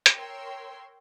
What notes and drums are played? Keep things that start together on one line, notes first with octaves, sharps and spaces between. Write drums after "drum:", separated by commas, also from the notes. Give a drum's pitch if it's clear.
drum: hi-hat
A#4 C#5 G5 C6 E6